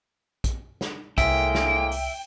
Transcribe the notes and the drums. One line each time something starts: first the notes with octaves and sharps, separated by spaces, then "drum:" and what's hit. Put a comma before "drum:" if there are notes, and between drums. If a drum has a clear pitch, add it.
drum: kick A#1, hi-hat
drum: snare
C2 A2 G#3 A#3 E5 G5, drum: kick A#1, hi-hat
drum: snare
drum: open hi-hat